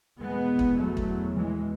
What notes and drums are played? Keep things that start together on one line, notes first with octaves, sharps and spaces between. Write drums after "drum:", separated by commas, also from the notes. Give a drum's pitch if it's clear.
E2 B2 G#3 B3
drum: kick
F#3 A3
drum: kick
E3 G#3